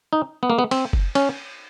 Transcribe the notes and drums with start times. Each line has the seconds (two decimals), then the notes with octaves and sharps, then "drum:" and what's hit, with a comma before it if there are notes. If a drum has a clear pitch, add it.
0.13 D#4
0.43 B3
0.50 A#3
0.59 B3
0.71 C4, drum: cymbal
0.93 drum: kick F#1
1.15 C#4, drum: cymbal